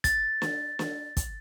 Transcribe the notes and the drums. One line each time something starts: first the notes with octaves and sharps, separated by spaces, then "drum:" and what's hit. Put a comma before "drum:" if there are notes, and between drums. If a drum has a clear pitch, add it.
A6, drum: kick, hi-hat
drum: snare
drum: snare
drum: kick, hi-hat